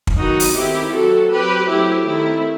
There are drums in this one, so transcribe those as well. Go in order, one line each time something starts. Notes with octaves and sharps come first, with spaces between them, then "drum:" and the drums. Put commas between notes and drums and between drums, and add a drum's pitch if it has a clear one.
drum: kick
D#3 F#3 B3 D#4 F#4
drum: open hi-hat
D#3 A3 C4 E4 G4
F#3 A3 C4 F#4 A4
F#3 C4 G4 B4
F#3 A3 C4 E4 G4
D#3 A3 C4 E4